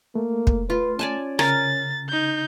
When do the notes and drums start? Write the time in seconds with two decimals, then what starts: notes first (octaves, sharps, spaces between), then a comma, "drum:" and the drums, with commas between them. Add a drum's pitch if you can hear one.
0.15 A3 A#3
0.47 drum: kick
0.70 F4 B4
0.99 C#4 D5 G#5 A5
1.39 C#3 A#4 G#5 A6, drum: rim click
2.09 D#4 G6